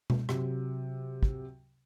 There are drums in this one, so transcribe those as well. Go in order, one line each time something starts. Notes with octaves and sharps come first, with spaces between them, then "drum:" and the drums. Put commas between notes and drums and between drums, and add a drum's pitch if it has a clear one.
drum: tom B2
C3 F#3, drum: rim click
drum: kick